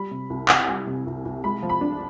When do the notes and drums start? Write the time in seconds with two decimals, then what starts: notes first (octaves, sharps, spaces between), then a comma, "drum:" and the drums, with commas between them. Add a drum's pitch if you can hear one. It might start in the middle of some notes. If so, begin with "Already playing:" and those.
Already playing: G3 B5
0.11 C3
0.30 C2
0.49 C2, drum: clap
0.67 G3 G#5
0.87 C3
1.07 C2
1.25 C2
1.44 G#3 B5
1.62 F3
1.69 B5
1.81 D4